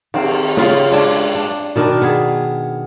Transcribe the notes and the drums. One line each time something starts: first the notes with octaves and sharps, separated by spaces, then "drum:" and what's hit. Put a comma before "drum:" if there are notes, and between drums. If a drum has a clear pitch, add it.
D#3 C4, drum: cymbal
C#3 F4, drum: snare
G#3 D4, drum: open hi-hat
D4
B2 D#3 D4 A#4
B3 G#4